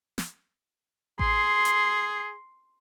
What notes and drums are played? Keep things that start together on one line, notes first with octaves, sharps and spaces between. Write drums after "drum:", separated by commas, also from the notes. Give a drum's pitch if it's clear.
drum: snare
G#4 C6, drum: kick A1
drum: hi-hat